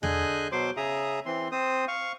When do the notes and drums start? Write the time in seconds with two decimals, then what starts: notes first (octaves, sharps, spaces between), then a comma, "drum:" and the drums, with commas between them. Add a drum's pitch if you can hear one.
0.03 D3 G#4 D#5 G#5 F#6 G6, drum: tom E2
0.52 B2 F#3 C5 C6 D6
0.77 C#3 G#4 E5 A#5 D#6
1.26 E3 C4 C6
1.52 C4 C5 D#6
1.88 F5 C#6